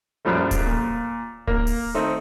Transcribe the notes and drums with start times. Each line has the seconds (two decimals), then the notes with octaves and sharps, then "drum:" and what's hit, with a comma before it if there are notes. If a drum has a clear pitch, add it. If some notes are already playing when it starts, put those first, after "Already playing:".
0.25 A#1 F#2 A#2 F3 G3 A3
0.51 drum: kick D1, hi-hat
0.66 A#2
1.47 A#3, drum: kick D1
1.67 drum: open hi-hat
1.94 D#3 A3 C4 D#4